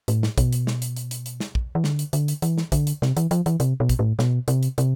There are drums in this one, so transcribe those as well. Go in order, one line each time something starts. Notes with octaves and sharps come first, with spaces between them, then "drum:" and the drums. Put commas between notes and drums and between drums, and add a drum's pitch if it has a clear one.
A2, drum: hi-hat
drum: snare
B2, drum: kick, hi-hat
drum: hi-hat
drum: snare
drum: hi-hat
drum: hi-hat
drum: hi-hat
drum: hi-hat
drum: snare
drum: kick
E3
D3, drum: snare
drum: hi-hat
D3, drum: hi-hat
drum: hi-hat
E3, drum: hi-hat
drum: snare
D3, drum: kick, hi-hat
drum: hi-hat
C3, drum: snare
E3, drum: hi-hat
F3, drum: hi-hat
E3, drum: hi-hat
C3, drum: hi-hat
B2
drum: kick, hi-hat
A2
B2, drum: snare
C3, drum: hi-hat
drum: hi-hat
C3, drum: hi-hat